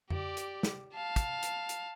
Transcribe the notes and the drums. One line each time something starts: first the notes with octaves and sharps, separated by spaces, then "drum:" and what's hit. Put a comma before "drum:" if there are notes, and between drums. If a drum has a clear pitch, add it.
G4 D5, drum: tom F2
drum: hi-hat
drum: snare
F5 A5
drum: kick, hi-hat
drum: hi-hat
drum: hi-hat